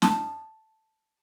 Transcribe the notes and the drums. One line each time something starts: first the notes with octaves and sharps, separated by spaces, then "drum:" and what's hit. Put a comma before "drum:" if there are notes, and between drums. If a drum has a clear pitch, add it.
A5, drum: snare